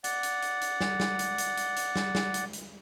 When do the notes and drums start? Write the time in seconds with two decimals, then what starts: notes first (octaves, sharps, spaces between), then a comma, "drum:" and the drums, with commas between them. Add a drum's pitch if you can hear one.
0.04 D5 F#5, drum: hi-hat
0.23 drum: hi-hat
0.42 drum: hi-hat
0.61 drum: hi-hat
0.81 drum: snare
1.00 drum: snare
1.19 drum: hi-hat
1.38 drum: hi-hat
1.57 drum: hi-hat
1.76 drum: hi-hat
1.96 drum: snare
2.15 drum: snare
2.34 drum: hi-hat
2.53 drum: hi-hat